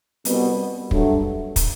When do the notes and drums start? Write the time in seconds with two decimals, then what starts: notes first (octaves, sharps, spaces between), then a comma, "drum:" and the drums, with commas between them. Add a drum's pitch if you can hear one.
0.25 C2 B2 G3 B3, drum: hi-hat
0.91 G2 F#3 A3, drum: kick
1.56 drum: kick, hi-hat